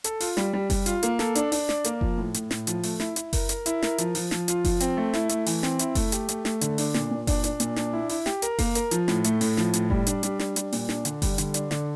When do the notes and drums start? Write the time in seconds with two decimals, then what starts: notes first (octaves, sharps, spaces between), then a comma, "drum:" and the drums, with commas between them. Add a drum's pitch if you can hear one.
0.04 A4, drum: hi-hat
0.20 F4, drum: open hi-hat
0.37 G3, drum: snare
0.53 G3
0.70 G3, drum: kick F#1, open hi-hat
0.86 F4, drum: hi-hat
1.03 A#3, drum: hi-hat
1.19 A4, drum: snare
1.35 D4, drum: hi-hat
1.52 D4, drum: open hi-hat
1.69 D5, drum: snare
1.84 A#3, drum: hi-hat
2.01 F3, drum: kick F#1
2.18 A2
2.34 A2, drum: hi-hat
2.51 A2, drum: snare
2.67 F3, drum: hi-hat
2.83 A3, drum: open hi-hat
3.00 E4, drum: snare
3.16 E4, drum: hi-hat
3.33 A#4, drum: kick F#1, open hi-hat
3.49 A#4, drum: hi-hat
3.66 E4, drum: hi-hat
3.82 A#4, drum: snare
3.98 F3, drum: hi-hat
4.15 F3, drum: open hi-hat
4.31 F3, drum: snare
4.48 F4, drum: hi-hat
4.65 F3, drum: kick F#1, open hi-hat
4.80 C4, drum: hi-hat
4.97 A3
5.14 E4, drum: snare
5.29 A3, drum: hi-hat
5.46 E3, drum: open hi-hat
5.63 C4, drum: snare
5.79 E4, drum: hi-hat
5.95 A3, drum: kick F#1, open hi-hat
6.12 G4, drum: hi-hat
6.29 A3, drum: hi-hat
6.45 A3, drum: snare
6.61 D3, drum: hi-hat
6.78 D4, drum: open hi-hat
6.94 A#2, drum: snare
7.11 A#2
7.27 D4, drum: kick F#1, open hi-hat
7.44 D4, drum: hi-hat
7.60 A#2, drum: hi-hat
7.76 D4, drum: snare
7.93 E4
8.09 E4, drum: open hi-hat
8.26 G4, drum: snare
8.42 A#4, drum: hi-hat
8.59 A#3, drum: kick F#1, open hi-hat
8.75 A#4, drum: hi-hat
8.91 F3, drum: hi-hat
9.08 A2, drum: snare
9.24 A3, drum: hi-hat
9.41 A2, drum: open hi-hat
9.57 F3, drum: snare
9.74 A2, drum: hi-hat
9.90 G3, drum: kick F#1
10.07 D4, drum: hi-hat
10.23 G3, drum: hi-hat
10.39 D4, drum: snare
10.56 G3, drum: hi-hat
10.72 A#2, drum: open hi-hat
10.89 D4, drum: snare
11.05 D3, drum: hi-hat
11.22 G3, drum: kick F#1, open hi-hat
11.38 D3, drum: hi-hat
11.54 D4, drum: hi-hat
11.71 D3, drum: snare